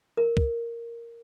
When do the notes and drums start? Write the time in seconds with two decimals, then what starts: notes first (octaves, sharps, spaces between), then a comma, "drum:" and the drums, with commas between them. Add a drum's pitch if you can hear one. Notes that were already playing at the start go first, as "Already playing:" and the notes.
0.17 A#4
0.37 drum: kick